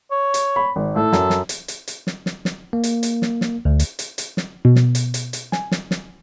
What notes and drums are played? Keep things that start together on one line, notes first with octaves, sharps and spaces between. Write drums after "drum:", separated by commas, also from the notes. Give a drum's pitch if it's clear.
C#5
drum: hi-hat
B5
G#1
A2 A4
F#2, drum: snare
drum: snare
drum: hi-hat
drum: hi-hat
drum: hi-hat
drum: snare
drum: snare
drum: snare
A#3
drum: hi-hat
drum: hi-hat
drum: snare
drum: snare
D2
drum: hi-hat
drum: hi-hat
drum: hi-hat
drum: snare
B2
drum: snare
drum: hi-hat
drum: hi-hat
drum: hi-hat
G#5, drum: snare
drum: snare
drum: snare